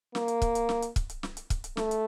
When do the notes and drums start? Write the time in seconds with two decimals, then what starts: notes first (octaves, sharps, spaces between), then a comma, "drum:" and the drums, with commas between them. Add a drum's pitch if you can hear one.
0.15 A#3, drum: snare
0.28 drum: hi-hat
0.42 drum: kick, hi-hat
0.55 drum: hi-hat
0.69 drum: snare
0.82 drum: hi-hat
0.96 drum: kick, hi-hat
1.10 drum: hi-hat
1.23 drum: snare
1.37 drum: hi-hat
1.50 drum: kick, hi-hat
1.64 drum: hi-hat
1.77 A3, drum: snare
1.91 drum: hi-hat